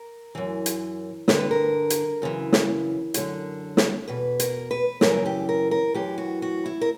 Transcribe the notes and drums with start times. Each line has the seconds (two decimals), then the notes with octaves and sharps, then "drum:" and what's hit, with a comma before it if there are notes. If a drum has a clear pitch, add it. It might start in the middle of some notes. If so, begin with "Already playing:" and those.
Already playing: A#4
0.35 F#2 E3
0.66 drum: hi-hat
1.28 G2 D3 A#4, drum: snare
1.39 B4
1.51 A#4
1.90 drum: hi-hat
2.22 F#2 C#3 E3
2.53 drum: snare
3.14 F#2 D3, drum: hi-hat
3.77 drum: snare
4.08 E2 B2 B4
4.40 A#4, drum: hi-hat
4.71 B4
5.01 F#2 C#3 E3 A#4, drum: snare
5.26 G4
5.49 A#4
5.71 A#4
5.94 F#2 E3 G4
6.18 F#4
6.42 F#4
6.66 E4
6.81 A#4